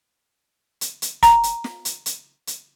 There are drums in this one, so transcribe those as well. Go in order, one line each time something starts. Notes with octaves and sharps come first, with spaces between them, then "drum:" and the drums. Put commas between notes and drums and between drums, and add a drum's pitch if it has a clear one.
drum: hi-hat
drum: hi-hat
A#5, drum: kick, hi-hat
drum: hi-hat
drum: snare
drum: hi-hat
drum: hi-hat
drum: hi-hat